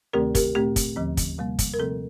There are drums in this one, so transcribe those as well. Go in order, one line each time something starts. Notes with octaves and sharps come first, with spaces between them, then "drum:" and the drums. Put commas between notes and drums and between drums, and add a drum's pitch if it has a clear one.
D2 C3 D#3 A3 C4 G4 A#4
G4 A#4, drum: kick, hi-hat
A#2 A3 C4 G4
drum: kick, hi-hat
D#2 D3 F3 C4
drum: kick, hi-hat
C3 G3 A#3
drum: kick, hi-hat
A#4
C3 F3 A3 C4 A4